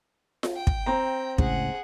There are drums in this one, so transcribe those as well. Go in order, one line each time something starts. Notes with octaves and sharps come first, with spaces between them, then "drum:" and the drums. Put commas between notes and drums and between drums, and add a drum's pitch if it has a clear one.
drum: snare F4
G5
drum: kick
C4 A#5
C#2 A2 C#3 G#4 F#5, drum: kick